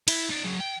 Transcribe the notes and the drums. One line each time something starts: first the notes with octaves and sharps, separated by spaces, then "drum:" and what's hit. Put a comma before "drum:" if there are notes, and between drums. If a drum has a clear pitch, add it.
E4, drum: cymbal
D#4 D5
F#3 G#4
G5